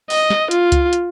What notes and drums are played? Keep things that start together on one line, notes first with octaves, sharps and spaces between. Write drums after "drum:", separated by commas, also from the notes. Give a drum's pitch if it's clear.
D#5, drum: open hi-hat
drum: snare
F4, drum: hi-hat
drum: kick C#2, hi-hat
drum: hi-hat